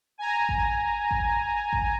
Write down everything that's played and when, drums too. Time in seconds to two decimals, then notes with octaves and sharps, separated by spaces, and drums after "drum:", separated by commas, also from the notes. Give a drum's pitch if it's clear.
0.18 G#5 A#5
0.49 drum: kick G#1
1.11 drum: kick G#1
1.73 drum: kick G#1